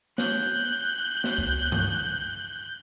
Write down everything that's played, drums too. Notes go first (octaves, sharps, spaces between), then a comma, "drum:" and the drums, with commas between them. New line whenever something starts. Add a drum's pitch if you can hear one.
F#6 G6, drum: snare
drum: snare
drum: kick C#2
drum: tom G2